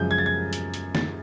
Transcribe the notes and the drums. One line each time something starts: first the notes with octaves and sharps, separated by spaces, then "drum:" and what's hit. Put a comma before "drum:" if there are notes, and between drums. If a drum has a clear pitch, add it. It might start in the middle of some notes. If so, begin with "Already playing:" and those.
Already playing: F#2 C#3 F3 G#3 G6
G#6
A6
G#6
drum: hi-hat
drum: hi-hat
A6, drum: snare